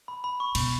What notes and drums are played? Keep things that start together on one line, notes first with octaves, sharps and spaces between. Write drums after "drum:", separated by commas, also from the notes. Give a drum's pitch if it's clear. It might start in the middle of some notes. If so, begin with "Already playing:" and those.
B5
B5
C#6
B2 B5, drum: cymbal